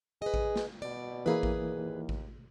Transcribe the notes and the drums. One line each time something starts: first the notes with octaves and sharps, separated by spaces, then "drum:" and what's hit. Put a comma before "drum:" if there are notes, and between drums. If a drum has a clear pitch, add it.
G#4 B4 D#5
drum: kick A1
drum: snare
B2 D5
E3 A#3 E4 G#4 B4
drum: kick A1
D#2
drum: kick A1